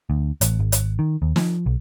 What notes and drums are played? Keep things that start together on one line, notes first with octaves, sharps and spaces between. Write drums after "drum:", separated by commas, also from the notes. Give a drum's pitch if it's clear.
D2
A1, drum: hi-hat
G#1
drum: hi-hat
D#3
D#2
F3, drum: snare
B1